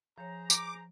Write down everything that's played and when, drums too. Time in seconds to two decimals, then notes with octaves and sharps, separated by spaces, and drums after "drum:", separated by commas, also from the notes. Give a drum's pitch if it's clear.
0.18 F3 G#4 C5 C#5 A#5
0.50 D6, drum: tambourine